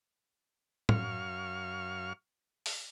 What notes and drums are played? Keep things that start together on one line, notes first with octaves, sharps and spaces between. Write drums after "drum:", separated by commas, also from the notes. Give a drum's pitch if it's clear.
F#2 F5 C#6 F6, drum: tom
drum: open hi-hat